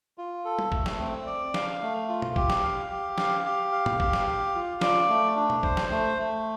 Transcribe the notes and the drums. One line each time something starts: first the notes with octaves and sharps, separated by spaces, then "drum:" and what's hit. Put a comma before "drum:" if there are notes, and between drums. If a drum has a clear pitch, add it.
F4
A4
drum: tom
A3, drum: kick G#1
drum: snare
C4
D5
F5, drum: snare
A3
F4
drum: tom B2
G4, drum: kick G#1
drum: snare
F5
G4
F5, drum: snare
G4
F5
drum: tom
G4, drum: kick G#1
drum: snare
F5
F4
D5, drum: snare
A3
D4
drum: tom B2
C5, drum: kick G#1
drum: snare
A3
A3